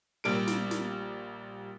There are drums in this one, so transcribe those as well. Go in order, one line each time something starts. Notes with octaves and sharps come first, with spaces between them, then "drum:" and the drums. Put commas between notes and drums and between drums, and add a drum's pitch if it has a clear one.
A#1 G3 D7
drum: snare
drum: snare